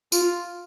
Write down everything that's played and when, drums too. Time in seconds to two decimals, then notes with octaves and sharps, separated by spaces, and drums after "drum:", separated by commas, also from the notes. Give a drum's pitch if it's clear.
0.12 F4, drum: tambourine